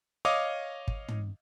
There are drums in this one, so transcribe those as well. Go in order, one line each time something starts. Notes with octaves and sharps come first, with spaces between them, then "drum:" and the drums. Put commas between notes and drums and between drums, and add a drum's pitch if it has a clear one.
C#5 D#5 F5 D6 D#6
drum: kick
drum: tom